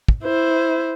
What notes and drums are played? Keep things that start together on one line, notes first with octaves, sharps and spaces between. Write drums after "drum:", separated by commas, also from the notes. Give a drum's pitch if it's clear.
drum: kick
E4 C5